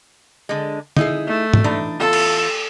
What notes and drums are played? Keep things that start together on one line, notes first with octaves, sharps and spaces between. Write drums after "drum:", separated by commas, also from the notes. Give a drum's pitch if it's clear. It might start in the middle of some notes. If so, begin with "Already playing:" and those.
D3 G#3
D#4 E4 G#4, drum: tom D3
A3
drum: tom G#2
E3 D4 D#4
E2 F4 A4 A5
drum: cymbal